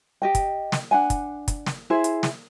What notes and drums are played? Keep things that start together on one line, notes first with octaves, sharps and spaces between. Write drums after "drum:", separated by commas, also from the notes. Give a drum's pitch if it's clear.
G4 D#5 G5
drum: kick, hi-hat
drum: snare
D4 F#5 G#5
drum: kick, hi-hat
drum: kick, hi-hat
drum: snare
E4 G#4 C5
drum: hi-hat
drum: snare